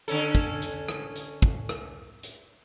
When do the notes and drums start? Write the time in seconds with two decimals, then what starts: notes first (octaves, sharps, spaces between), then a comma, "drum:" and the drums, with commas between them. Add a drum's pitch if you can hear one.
0.08 D3 C#4 A4, drum: hi-hat
0.35 drum: kick
0.62 drum: hi-hat
0.89 drum: rim click
1.15 drum: hi-hat
1.42 drum: kick
1.69 drum: rim click
2.23 drum: hi-hat